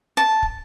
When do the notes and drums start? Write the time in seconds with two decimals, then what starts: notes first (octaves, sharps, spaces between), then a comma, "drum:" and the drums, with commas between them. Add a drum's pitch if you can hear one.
0.17 A5
0.43 drum: kick